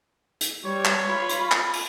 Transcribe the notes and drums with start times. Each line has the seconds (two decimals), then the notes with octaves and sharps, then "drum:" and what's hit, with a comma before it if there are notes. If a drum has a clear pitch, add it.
0.41 drum: hi-hat
0.65 G3 C#5
0.85 drum: clap
1.07 F4 B5
1.29 drum: hi-hat
1.51 drum: clap
1.74 drum: open hi-hat